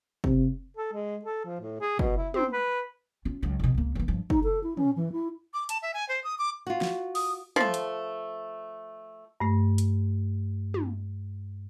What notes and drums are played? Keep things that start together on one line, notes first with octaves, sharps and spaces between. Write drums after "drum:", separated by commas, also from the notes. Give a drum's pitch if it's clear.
C3, drum: kick
A4
G#3
A4
F3
A2
G#4
B2, drum: kick
E4
C4, drum: tom
B4
C#4 F4
C#2 F#3
F2 B2
C#2 A#3
E3 A#3
G2 F3
D#4, drum: kick
A4
E4
C#4, drum: tom
E3
E4
D6
A5, drum: hi-hat
E5
G#5
C5
D#6
D6
F4 F#4
drum: snare
D#6, drum: open hi-hat
F3 A3, drum: tom
drum: hi-hat
G2 A3
drum: hi-hat
drum: tom